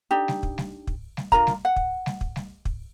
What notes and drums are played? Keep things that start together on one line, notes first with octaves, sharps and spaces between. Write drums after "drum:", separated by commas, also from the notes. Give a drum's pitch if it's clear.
D4 D#4 G4
drum: snare G3
drum: kick
drum: snare G3
drum: kick
drum: snare G3
D4 F4 A#4 A#5, drum: kick
drum: snare G3
F#5
drum: kick
drum: snare G3
drum: kick
drum: snare G3
drum: kick